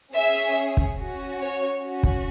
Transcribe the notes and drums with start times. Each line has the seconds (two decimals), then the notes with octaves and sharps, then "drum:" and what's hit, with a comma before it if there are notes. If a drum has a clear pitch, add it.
0.14 C#4 G#4 E5
0.77 drum: kick
0.98 C#4 F#4
1.41 C#5
1.82 C#4 F#4
2.03 drum: kick